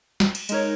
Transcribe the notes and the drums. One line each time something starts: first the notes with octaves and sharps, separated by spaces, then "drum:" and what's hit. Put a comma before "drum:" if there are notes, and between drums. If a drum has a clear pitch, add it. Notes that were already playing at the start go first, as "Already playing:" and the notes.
drum: snare
drum: cymbal
G#3 D#4 A#4 C#5, drum: cymbal